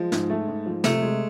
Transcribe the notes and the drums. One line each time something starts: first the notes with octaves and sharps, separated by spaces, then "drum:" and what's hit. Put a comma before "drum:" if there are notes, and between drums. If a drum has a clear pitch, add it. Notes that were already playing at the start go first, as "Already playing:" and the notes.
Already playing: F3 G#3
G#2, drum: snare
A3
G#2
F3
C3 A3, drum: snare
G#3